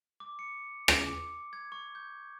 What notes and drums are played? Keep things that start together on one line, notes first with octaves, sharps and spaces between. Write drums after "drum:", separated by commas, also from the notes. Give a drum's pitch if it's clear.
D6
C#7
drum: rim click
D6
G#6
C#6
G6